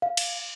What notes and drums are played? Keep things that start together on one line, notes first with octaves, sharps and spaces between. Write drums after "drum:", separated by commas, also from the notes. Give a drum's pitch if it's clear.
F5
drum: cymbal